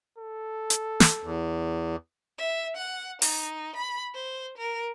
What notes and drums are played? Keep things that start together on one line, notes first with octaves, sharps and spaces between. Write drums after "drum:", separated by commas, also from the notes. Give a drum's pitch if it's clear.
A4
drum: hi-hat
drum: snare
E2
E5
F#5
D#4, drum: open hi-hat
B5
C5
A#4